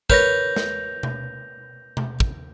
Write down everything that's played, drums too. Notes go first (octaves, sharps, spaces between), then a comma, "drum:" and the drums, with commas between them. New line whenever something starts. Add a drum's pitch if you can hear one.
A#4 B4 C#5 G6 A#6, drum: kick
drum: snare
drum: tom B2
drum: tom B2
drum: kick